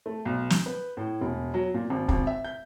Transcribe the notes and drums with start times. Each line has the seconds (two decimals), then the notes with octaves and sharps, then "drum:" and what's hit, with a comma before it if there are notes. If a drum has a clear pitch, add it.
0.06 A3
0.25 B1
0.50 G6, drum: snare
0.66 B4
0.97 A2
1.21 E1
1.54 F#3
1.74 A#2
1.90 G#1
2.09 G#1, drum: kick
2.27 E5
2.45 G6